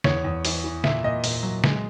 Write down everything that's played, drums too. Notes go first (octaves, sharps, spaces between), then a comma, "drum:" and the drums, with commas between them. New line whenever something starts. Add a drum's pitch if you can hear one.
E2 C#5, drum: snare
E2
E3, drum: open hi-hat
E3
A#2 E5, drum: snare
A#2 D#5
A#2, drum: open hi-hat
F#3
G#3, drum: snare